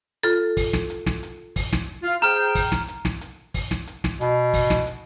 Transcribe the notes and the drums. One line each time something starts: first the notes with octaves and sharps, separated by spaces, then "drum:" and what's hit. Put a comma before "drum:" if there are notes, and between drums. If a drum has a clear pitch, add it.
F4 A4, drum: hi-hat
drum: kick, open hi-hat
drum: snare
drum: hi-hat
drum: snare
drum: hi-hat
drum: kick, open hi-hat
drum: snare
F4
G#4 C5 G5 A#5 F6, drum: hi-hat
drum: kick, open hi-hat
drum: snare
drum: hi-hat
drum: snare
drum: hi-hat
drum: kick, open hi-hat
drum: snare
drum: hi-hat
drum: snare
B2, drum: hi-hat
drum: kick, open hi-hat
drum: snare
drum: hi-hat